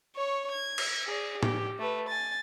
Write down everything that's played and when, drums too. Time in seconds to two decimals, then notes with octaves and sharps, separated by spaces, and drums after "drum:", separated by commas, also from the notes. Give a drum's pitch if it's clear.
0.16 C#5 C#6
0.51 G#6
0.78 drum: cymbal
1.07 G#4 D5
1.43 G4, drum: tom
1.78 A3 B4
2.08 G#5 A6